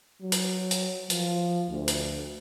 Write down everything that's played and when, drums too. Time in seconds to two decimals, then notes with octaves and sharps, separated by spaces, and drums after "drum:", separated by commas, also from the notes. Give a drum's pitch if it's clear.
0.22 F#3
0.32 drum: hi-hat
0.71 drum: hi-hat
1.10 F3, drum: hi-hat
1.69 D2
1.88 drum: hi-hat